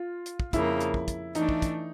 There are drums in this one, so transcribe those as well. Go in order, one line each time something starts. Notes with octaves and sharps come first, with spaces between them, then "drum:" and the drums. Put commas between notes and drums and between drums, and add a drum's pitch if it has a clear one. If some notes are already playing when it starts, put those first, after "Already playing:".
Already playing: F4
drum: hi-hat
drum: kick
F2 C#3 F3 A#3 E4, drum: kick, hi-hat
drum: hi-hat
drum: kick
drum: kick, hi-hat
E3 A3 D4 D#4, drum: hi-hat
drum: kick
drum: kick, hi-hat